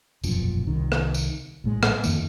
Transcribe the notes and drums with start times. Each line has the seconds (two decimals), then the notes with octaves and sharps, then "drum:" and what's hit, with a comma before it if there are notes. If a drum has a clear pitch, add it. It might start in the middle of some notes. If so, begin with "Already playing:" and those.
0.24 E1 A#1 F#2 F3, drum: tambourine
0.67 C2 D#3
0.92 drum: rim click
1.14 drum: tambourine
1.64 A#1 A2 G#3
1.83 drum: rim click
2.04 F2 D#3 A#3, drum: tambourine